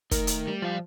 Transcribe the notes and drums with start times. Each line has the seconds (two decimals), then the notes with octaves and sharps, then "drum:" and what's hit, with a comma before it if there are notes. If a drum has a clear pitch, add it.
0.11 D#3 A3 D#4 A#4, drum: kick, hi-hat
0.27 drum: hi-hat
0.47 G3
0.62 F3 D5 F5